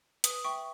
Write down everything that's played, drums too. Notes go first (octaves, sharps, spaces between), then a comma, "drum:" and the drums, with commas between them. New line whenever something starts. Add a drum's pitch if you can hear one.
B4 D#6, drum: hi-hat
E5 G5 C#6